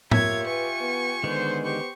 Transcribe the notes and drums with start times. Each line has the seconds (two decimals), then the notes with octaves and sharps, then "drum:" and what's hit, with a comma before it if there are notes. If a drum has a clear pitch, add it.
0.11 A#3 F4 G4 C#5 E5 G#6, drum: tom A2
0.47 B4 G#5 C#6
0.80 B3
1.24 D3 D#3 G#3 B3 C5
1.64 G4 C5 C#6